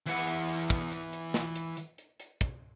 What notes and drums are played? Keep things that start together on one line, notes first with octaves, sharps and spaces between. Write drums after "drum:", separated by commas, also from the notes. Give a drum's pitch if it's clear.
E3 F#5, drum: hi-hat
drum: hi-hat
drum: hi-hat
drum: kick, hi-hat
drum: hi-hat
drum: hi-hat
drum: snare
drum: hi-hat
drum: hi-hat
drum: hi-hat
drum: hi-hat
drum: kick, hi-hat